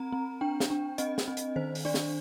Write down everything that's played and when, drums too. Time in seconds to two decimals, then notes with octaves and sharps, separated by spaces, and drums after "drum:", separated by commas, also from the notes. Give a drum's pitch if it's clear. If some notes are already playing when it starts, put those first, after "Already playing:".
Already playing: C4 A#5
0.12 C4
0.41 D4 G5
0.60 drum: snare
0.70 D4
0.98 C4 D#5, drum: hi-hat
1.18 drum: snare
1.28 C4
1.37 drum: hi-hat
1.56 D#3 C5
1.75 drum: open hi-hat
1.85 D4 D5
1.94 drum: snare